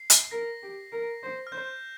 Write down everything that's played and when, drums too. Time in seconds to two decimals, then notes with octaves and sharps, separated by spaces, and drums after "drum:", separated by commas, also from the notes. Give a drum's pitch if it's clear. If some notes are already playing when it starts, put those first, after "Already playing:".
Already playing: C7
0.10 drum: hi-hat
0.31 A#4 A#6
0.62 G4
0.92 A#4
1.23 C5
1.47 F6
1.52 C5 G6